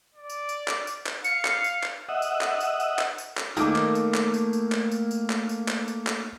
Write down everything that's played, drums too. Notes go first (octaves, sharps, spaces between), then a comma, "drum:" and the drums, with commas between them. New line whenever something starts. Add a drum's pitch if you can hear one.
D5
drum: tambourine
drum: tambourine
drum: clap
drum: tambourine
drum: clap
F5 C#7, drum: tambourine
drum: clap
drum: tambourine
drum: clap
D#5 E5 F#5
drum: tambourine
drum: clap
drum: tambourine
drum: tambourine
drum: clap
drum: tambourine
drum: clap
D#3 A3 A#3 D6, drum: tambourine
drum: clap
drum: tambourine
drum: clap
drum: tambourine
drum: tambourine
drum: clap
drum: tambourine
drum: tambourine
drum: clap
drum: tambourine
drum: clap
drum: tambourine
drum: clap